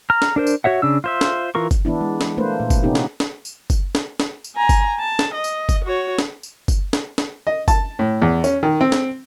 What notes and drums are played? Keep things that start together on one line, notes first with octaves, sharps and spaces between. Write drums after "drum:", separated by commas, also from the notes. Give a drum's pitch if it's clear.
A#5 F6
drum: snare
D4 A#4 C5
drum: tambourine
F#4 C#5 E5 F#5
C#3 D4 E6
F4 C5 E5
drum: snare
E3 F4 A#4 C#6
drum: kick F#1, tambourine
E3 B3 D4 E4
G#3
drum: snare
A3 A#3 D4 B4 C5
A#2
drum: kick F#1, tambourine
C3 B3 C#4 D#4 G4
drum: snare
drum: snare
drum: tambourine
drum: kick F#1, tambourine
drum: snare
drum: snare
drum: tambourine
G#5 A#5
drum: kick F#1, tambourine
A5
drum: snare
D#5
drum: tambourine
drum: kick F#1, tambourine
F#4 C#5
drum: snare
drum: tambourine
drum: kick F#1, tambourine
drum: snare
drum: snare
D#5
A5, drum: kick F#1, tambourine
A2
E2
C#4, drum: tambourine
D#3
C4
drum: snare